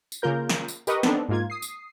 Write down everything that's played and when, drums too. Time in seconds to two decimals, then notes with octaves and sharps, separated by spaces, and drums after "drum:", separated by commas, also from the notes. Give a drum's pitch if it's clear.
0.12 drum: tambourine
0.22 C#3 A#3 F4 A#4 G6
0.50 drum: snare
0.68 drum: tambourine
0.87 G4 A#4 B4 D#5 C#6 D#6, drum: tambourine
1.03 B3 C4 D4 D#4 A4, drum: snare
1.29 G#2 A#3 F4 G#6
1.50 D#6 C7
1.62 drum: tambourine